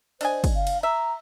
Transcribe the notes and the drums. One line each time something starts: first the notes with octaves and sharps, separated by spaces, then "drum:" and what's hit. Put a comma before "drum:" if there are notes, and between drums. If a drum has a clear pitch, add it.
D4 C5 D#5 G#5, drum: cymbal
drum: kick, cymbal
F5
drum: cymbal
E5 A#5